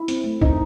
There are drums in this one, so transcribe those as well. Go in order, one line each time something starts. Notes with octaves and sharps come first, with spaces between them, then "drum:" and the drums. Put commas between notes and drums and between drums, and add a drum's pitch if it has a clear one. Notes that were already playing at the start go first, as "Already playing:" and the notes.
Already playing: E4
C4, drum: hi-hat
A3
C4 D#4, drum: kick A#1